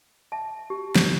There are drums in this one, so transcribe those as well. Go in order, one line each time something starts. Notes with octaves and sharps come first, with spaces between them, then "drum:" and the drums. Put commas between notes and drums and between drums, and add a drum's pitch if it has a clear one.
E5 A5
G4
drum: snare